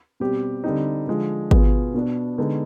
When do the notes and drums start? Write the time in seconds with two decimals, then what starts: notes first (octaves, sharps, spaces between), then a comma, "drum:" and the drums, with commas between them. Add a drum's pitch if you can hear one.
0.20 B2 G3 C4 G4
0.64 D3 G3 C4 D#4
1.07 D3 F3 G#3
1.51 B2 B3 F4 G#4, drum: kick G#1
1.94 B2 B3 D4
2.38 D3 G#3 B3 D#4 G#4